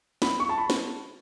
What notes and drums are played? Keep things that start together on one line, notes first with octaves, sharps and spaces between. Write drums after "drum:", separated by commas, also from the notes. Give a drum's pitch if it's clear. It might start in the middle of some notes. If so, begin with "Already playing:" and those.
B5, drum: snare
C#6
A5
B5
drum: snare